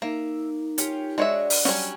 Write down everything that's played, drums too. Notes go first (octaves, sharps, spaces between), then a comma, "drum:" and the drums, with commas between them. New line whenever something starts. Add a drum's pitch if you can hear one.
A#3 D#4 E5
C#4 F4 G4, drum: hi-hat
G#3 D4 F#4 C#5 D5 E5
drum: open hi-hat
F#3 G3 C#4, drum: snare